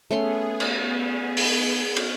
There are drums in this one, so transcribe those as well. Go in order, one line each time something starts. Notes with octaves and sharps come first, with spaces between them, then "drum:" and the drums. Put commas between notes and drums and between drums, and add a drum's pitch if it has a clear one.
A3 B3 C#4 G#4 C6
drum: cymbal
drum: open hi-hat
drum: cymbal